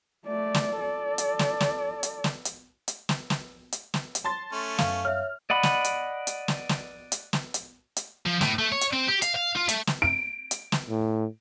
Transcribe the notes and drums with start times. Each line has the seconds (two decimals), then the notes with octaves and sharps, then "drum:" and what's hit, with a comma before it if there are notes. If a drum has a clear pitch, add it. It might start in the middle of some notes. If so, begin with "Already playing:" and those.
0.27 A3 D5
0.54 drum: snare
0.80 A4 D5
1.18 drum: hi-hat
1.39 drum: snare
1.60 drum: snare
2.03 drum: hi-hat
2.24 drum: snare
2.45 drum: hi-hat
2.88 drum: hi-hat
3.09 drum: snare
3.30 drum: snare
3.72 drum: hi-hat
3.94 drum: snare
4.15 drum: hi-hat
4.24 A5 C6 A6
4.52 A3 C#4
4.78 F#2 F5, drum: snare
5.05 C#5 E5 F6
5.50 D5 D#5 F#5 B5
5.63 drum: snare
5.84 drum: hi-hat
6.27 drum: hi-hat
6.48 drum: snare
6.69 drum: snare
7.12 drum: hi-hat
7.33 drum: snare
7.54 drum: hi-hat
7.96 drum: hi-hat
8.26 F3
8.41 A2, drum: snare
8.59 A3
8.72 C#5
8.81 drum: hi-hat
8.93 C4
9.08 G4
9.22 F5, drum: hi-hat
9.35 F5
9.55 F4
9.69 A3, drum: hi-hat
9.87 drum: snare
10.02 D7
10.51 drum: hi-hat
10.72 drum: snare
10.90 A2